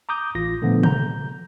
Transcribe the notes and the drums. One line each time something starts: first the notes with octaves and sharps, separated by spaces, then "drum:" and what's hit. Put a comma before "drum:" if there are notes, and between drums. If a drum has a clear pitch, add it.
A#5 D6 D#6 G6
A1 F4 A#6
A#2 D3 F3 A3 B3
A#5 G6, drum: tom C3